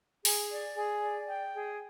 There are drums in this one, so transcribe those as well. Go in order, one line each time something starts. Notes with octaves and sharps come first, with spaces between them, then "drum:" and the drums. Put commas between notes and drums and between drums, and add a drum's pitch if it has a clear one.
G#4, drum: open hi-hat
D5
G#4
D5
G5
G#4